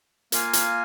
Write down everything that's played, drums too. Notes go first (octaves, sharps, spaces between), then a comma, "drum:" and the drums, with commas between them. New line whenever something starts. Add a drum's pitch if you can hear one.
A#3 F4 A#4 F5 G#5, drum: hi-hat
drum: hi-hat